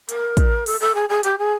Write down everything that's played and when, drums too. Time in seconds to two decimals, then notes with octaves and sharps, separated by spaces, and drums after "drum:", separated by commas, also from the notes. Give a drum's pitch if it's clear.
0.09 A#4, drum: hi-hat
0.37 drum: kick, hi-hat
0.66 A4, drum: open hi-hat
0.80 A4
0.94 G#4
1.09 G#4
1.23 G4, drum: hi-hat
1.38 G#4